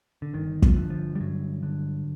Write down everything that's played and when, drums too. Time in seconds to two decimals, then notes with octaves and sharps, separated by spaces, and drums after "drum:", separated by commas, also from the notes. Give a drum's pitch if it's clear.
0.22 D3
0.33 G1 D#3
0.62 F3, drum: kick
0.76 D3
0.90 F3
1.15 G3
1.20 G2 F#3
1.63 D3